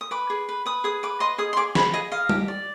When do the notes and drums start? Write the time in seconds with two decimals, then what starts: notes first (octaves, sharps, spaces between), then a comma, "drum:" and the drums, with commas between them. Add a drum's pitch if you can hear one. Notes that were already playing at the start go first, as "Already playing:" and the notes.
0.01 D#6
0.11 B4 D6
0.30 G#4
0.49 B4
0.66 B4 D#6
0.84 G#4 D#6
1.03 B4 D6
1.20 D#5 C6
1.38 G#4 D#6
1.53 C6
1.57 G#4 D6
1.75 G#4 B5, drum: snare
1.94 G#4 D#5
2.11 D#5 F5
2.29 G4, drum: tom G3
2.48 D5